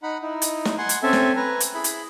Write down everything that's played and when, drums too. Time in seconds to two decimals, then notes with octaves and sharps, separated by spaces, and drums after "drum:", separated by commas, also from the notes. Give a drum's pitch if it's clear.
0.03 D#4 F#5 B5
0.22 D#4 E4
0.42 drum: hi-hat
0.65 drum: snare
0.78 F#5 G#5 C6
0.89 drum: hi-hat
1.03 C4 C#4 A4 E5 G#5
1.13 drum: snare
1.37 B4 G#5 A#5
1.60 drum: hi-hat
1.75 E4 G#4 B5
1.84 drum: hi-hat